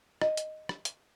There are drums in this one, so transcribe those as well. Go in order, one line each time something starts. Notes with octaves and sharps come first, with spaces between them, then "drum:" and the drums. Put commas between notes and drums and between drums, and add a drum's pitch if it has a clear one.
D#5, drum: rim click
drum: hi-hat
drum: rim click
drum: hi-hat